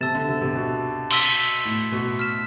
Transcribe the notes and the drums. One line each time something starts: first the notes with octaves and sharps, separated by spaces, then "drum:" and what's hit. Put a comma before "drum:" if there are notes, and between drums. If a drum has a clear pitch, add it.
C3 A5 E6 A6 E7
D3
C3
C3
B2
C6 E6 B6, drum: cymbal
A2
B2
F6 B6 E7